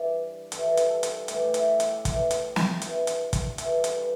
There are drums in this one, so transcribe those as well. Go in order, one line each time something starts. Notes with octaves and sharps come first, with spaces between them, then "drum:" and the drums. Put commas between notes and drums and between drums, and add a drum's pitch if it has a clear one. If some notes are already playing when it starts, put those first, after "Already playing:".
Already playing: G2 E3 D5
G2 E3 A4, drum: hi-hat
drum: hi-hat
A4
drum: hi-hat
A2 E3 G4, drum: hi-hat
E4, drum: hi-hat
G4, drum: hi-hat
A2 E3, drum: kick, hi-hat
drum: hi-hat
drum: snare
G2 E3, drum: hi-hat
drum: hi-hat
drum: kick, hi-hat
G2 E3 A4, drum: hi-hat
drum: hi-hat
B4